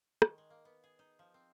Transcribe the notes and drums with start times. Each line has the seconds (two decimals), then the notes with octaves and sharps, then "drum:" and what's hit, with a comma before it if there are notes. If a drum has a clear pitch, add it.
0.22 D#3, drum: rim click
0.38 G#3
0.50 A#3
0.65 B3
0.84 G#4
0.99 D#4
1.19 F3
1.34 C4